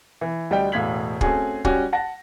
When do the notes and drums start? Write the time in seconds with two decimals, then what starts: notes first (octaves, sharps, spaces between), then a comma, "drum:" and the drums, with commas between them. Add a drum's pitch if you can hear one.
0.21 E3
0.50 D2 G3 D#5 G5
0.72 E1 A2 F5 G#6 B6 F#7
1.21 A3 C4 C#4 F#4 G#4, drum: kick
1.65 G3 C#4 F#4 G4, drum: kick
1.93 F#5 A5 A#6